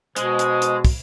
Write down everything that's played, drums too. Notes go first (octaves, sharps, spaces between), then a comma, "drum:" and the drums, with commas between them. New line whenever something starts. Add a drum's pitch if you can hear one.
B2 G#3 C5, drum: hi-hat
drum: hi-hat
drum: hi-hat
drum: kick, open hi-hat